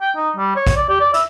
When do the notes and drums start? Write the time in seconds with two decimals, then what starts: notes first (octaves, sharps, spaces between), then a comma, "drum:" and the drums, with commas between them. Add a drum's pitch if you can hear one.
0.01 G5
0.16 D#4
0.36 G3
0.56 C#5
0.67 drum: kick, hi-hat
0.77 D5
0.89 G4
1.00 D5
1.14 E5, drum: hi-hat